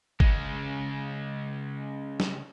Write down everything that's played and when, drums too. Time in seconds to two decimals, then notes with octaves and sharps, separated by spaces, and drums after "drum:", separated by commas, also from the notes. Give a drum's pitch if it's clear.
0.20 C#3 G#3, drum: kick G1
2.20 drum: snare